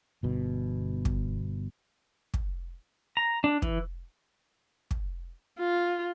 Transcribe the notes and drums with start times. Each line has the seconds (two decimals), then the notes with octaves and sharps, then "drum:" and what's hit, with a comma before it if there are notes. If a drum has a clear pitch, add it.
0.23 G1 B2
1.05 drum: kick
2.34 drum: kick
3.17 A#5
3.44 D4
3.62 E3, drum: kick
4.91 drum: kick
5.59 F4